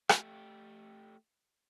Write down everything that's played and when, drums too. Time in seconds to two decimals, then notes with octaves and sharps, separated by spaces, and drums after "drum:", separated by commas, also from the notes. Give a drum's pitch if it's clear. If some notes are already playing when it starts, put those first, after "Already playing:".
0.09 A3 G4, drum: rim click